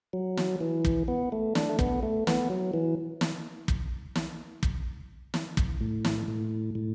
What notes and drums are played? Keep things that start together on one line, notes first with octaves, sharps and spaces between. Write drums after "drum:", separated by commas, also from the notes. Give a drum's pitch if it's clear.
F#3
drum: snare
E3
drum: kick
B3
A3
D4, drum: snare
A3
B3, drum: kick
A3
B3, drum: snare
F#3
E3
drum: snare
drum: kick
drum: snare
drum: kick
drum: snare
drum: kick
A2
drum: snare
A2
A2